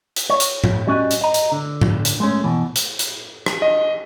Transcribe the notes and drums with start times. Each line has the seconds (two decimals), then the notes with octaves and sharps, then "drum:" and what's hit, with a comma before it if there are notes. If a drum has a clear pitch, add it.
0.16 drum: hi-hat
0.30 C#5
0.40 drum: hi-hat
0.64 drum: tom A2
0.87 G3 C#4 F#4 D#5
1.11 drum: hi-hat
1.21 D#5 A#5
1.34 drum: hi-hat
1.52 D3
1.81 drum: tom A2
2.05 drum: hi-hat
2.20 G#3 A3 C#4
2.44 B2 E3
2.76 drum: hi-hat
2.99 drum: hi-hat
3.46 drum: rim click
3.62 D#5